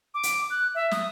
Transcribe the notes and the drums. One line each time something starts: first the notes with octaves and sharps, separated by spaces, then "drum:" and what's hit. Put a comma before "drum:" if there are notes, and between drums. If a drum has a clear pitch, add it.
D6
drum: hi-hat
F#6
E5
D#6, drum: snare